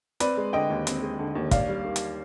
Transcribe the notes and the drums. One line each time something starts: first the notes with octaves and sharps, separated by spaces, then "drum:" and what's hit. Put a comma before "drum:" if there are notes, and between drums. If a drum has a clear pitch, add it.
C4 B4 D5, drum: hi-hat
G#3
D3 D#5 G5
D#2
C4, drum: hi-hat
G#3
D3
D#2
D4 D5 F5, drum: kick, hi-hat
G3
D#3
drum: hi-hat